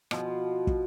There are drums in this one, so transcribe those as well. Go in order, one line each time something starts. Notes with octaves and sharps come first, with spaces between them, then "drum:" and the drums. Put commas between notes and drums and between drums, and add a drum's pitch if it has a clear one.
B2 F3, drum: rim click
drum: kick